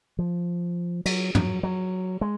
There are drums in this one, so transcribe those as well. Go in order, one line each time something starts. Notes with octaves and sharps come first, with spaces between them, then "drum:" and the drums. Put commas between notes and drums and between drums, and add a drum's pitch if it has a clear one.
F3
F#3, drum: cymbal
F#3, drum: tom
F#3
G#3